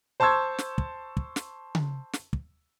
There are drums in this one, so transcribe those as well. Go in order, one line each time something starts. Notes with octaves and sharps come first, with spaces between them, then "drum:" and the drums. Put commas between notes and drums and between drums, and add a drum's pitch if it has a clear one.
C5 A5 C6 C#6 E6 G#6
drum: snare
drum: kick
drum: kick
drum: snare
drum: tom C#3
drum: snare
drum: kick